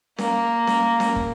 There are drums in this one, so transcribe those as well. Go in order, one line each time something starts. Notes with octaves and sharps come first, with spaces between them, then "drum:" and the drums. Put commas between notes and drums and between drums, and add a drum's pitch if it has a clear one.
A#3, drum: snare C#4
drum: snare C#4
drum: snare C#4
drum: kick